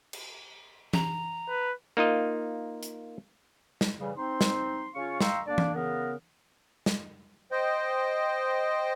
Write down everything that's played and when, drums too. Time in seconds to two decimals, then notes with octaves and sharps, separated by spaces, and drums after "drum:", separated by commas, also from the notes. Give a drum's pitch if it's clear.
0.13 drum: cymbal
0.93 A#5, drum: tom E3
1.49 B4
1.97 A#3 D#4 F4 D#5
2.83 drum: hi-hat
3.81 drum: snare
4.00 A2 C#3 E3 G3
4.17 C4 D#4 C6
4.41 drum: snare
4.94 C#3 C#4 F4 F5 C#6
5.21 F5 G5 A#5 C6 C#6 E6, drum: snare
5.47 D3 A#3 D4 D5
5.58 drum: tom E3
5.75 C#3 B3 A#4
6.86 drum: snare
7.52 C5 D#5 G5